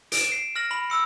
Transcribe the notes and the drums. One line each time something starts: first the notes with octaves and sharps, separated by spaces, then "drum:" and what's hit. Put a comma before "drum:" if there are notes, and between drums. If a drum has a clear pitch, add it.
D7 E7, drum: hi-hat
C7
F6 A#6 F#7
B5 F#7
B5 E6 C#7